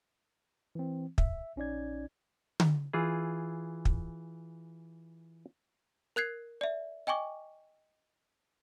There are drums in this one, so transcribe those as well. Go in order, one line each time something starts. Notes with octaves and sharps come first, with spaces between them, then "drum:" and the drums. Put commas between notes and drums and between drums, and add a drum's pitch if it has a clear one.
E3 C4
E5, drum: kick
A#1 C#4 D#4 D5 G#6
drum: tom D3
E3 F4 G#4
drum: kick
A#4 F#6 G#6 C7
D5 E5
D#5 G5 G#5 C#6 D6